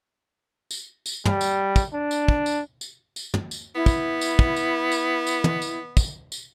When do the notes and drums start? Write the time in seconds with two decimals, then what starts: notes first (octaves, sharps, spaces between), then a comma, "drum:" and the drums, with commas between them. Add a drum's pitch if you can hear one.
0.71 drum: tambourine
1.06 drum: tambourine
1.25 G3, drum: tom
1.41 drum: tambourine
1.76 drum: kick, tambourine
1.93 D4
2.11 drum: tambourine
2.28 drum: kick
2.46 drum: tambourine
2.81 drum: tambourine
3.16 drum: tambourine
3.34 drum: tom
3.51 drum: tambourine
3.75 B3 E4
3.86 drum: kick, tambourine
4.21 drum: tambourine
4.39 drum: kick
4.56 drum: tambourine
4.92 drum: tambourine
5.27 drum: tambourine
5.44 drum: tom
5.62 drum: tambourine
5.97 drum: kick, tambourine
6.32 drum: tambourine